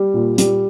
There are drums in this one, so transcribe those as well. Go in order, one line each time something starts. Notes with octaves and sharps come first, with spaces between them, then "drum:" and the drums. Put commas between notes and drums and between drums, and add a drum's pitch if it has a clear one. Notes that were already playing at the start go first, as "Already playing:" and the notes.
Already playing: G3
A#2
G3, drum: hi-hat